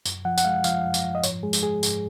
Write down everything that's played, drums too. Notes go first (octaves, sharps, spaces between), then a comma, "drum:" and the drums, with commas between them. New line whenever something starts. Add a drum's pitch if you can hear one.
F#2, drum: tambourine
F3 F#5
F#5, drum: tambourine
G#3 F5
F3 F5, drum: tambourine
F#2
drum: tambourine
F3
D#5
G#2 C#5, drum: tambourine
G#3 G#4
drum: tambourine
G#3 G#4
G#2, drum: tambourine